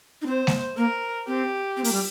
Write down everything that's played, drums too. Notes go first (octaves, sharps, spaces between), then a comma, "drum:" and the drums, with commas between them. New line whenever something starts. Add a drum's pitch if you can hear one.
D#4
C4 C5
drum: snare G#3
A#3 A#4
C4 G4
C4
A#3, drum: open hi-hat
G3